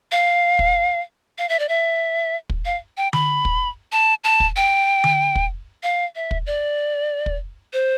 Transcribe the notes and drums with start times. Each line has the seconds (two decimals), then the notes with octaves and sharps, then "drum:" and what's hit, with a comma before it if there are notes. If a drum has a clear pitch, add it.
0.12 F5
0.59 drum: kick
1.38 F5
1.49 E5
1.59 D5
1.69 E5
2.50 drum: kick
2.65 F5
2.97 G5
3.13 B5, drum: tom D3
3.45 drum: kick
3.92 A5
4.24 A5
4.40 drum: kick
4.56 G5
5.04 drum: tom D3
5.35 drum: kick
5.83 F5
6.15 E5
6.31 drum: kick
6.46 D5
7.26 drum: kick
7.73 C5